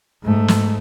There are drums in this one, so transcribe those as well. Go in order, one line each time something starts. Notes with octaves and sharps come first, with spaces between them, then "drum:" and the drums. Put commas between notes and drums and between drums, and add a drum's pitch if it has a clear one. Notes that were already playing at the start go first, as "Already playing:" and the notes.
G#2 A3
drum: snare